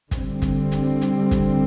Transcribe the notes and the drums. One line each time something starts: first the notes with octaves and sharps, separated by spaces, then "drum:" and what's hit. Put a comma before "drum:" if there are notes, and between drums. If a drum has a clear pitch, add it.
D3 G3 C4, drum: kick, hi-hat
drum: kick, hi-hat
drum: hi-hat
drum: hi-hat
drum: kick, hi-hat